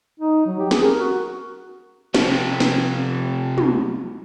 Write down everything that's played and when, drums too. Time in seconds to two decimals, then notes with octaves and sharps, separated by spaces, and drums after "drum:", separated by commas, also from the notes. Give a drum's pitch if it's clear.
0.20 D#4
0.46 F#3
0.59 G4
0.71 G#4, drum: snare
0.83 A#4
1.00 F#4
2.14 C3 F3, drum: snare
2.60 drum: snare
3.58 drum: tom